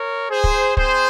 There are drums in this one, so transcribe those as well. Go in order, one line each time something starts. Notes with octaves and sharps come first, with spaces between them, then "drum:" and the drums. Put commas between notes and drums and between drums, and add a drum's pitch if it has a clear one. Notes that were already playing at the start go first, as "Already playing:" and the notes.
Already playing: A#4 C#5
G#4 C5
drum: kick
C4 G#4 C5, drum: kick